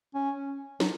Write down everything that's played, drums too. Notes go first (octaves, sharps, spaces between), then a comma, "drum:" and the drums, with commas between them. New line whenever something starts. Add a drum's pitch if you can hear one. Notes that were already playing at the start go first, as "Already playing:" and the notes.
C#4
F#3, drum: snare